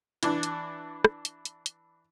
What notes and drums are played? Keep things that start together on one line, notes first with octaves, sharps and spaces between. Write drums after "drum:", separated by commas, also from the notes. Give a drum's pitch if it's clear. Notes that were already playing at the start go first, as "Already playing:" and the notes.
E3 D4, drum: hi-hat
drum: hi-hat
drum: rim click
drum: hi-hat
drum: hi-hat
drum: hi-hat